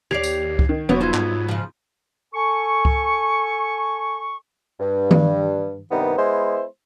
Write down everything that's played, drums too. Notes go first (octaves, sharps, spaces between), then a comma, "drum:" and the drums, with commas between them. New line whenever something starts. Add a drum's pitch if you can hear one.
D#2 G4 C#5 D5 G#6 C7 F7
drum: tambourine
drum: kick C#2
D#3
E1 C3 F#3 A#3 B3 C#5
G2 D#4 F4 C5 G#6
G#2, drum: clap
C#3 F3
A4 G#5 C#6
drum: kick C#2
G2
drum: tom D#3
G2 C3 D#3 G3 B3 D#4
G#3 B3 E4 C5